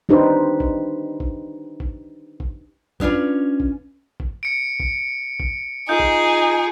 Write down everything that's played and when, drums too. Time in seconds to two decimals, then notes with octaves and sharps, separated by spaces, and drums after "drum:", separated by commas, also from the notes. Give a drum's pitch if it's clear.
0.09 D4 D#4 G4 B4 C5
0.60 drum: kick G#1
1.20 drum: kick G#1
1.80 drum: kick G#1
2.40 drum: kick G#1
3.00 B3 C#4 D4 F4 B4, drum: kick G#1
3.60 drum: kick G#1
4.20 drum: kick G#1
4.43 C#7 D7
4.80 drum: kick G#1
5.40 drum: kick G#1
5.89 D#4 F4 G#4 G6
6.00 drum: kick G#1